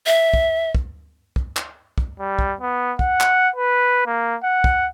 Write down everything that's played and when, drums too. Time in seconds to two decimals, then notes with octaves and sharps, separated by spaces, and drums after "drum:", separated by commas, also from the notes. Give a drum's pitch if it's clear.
0.07 E5
0.34 drum: kick
0.75 drum: kick
1.36 drum: kick
1.57 drum: clap
1.98 drum: kick
2.20 G3
2.39 drum: kick
2.61 B3
2.99 F#5, drum: kick
3.21 drum: clap
3.56 B4
4.06 A#3
4.44 F#5
4.64 drum: kick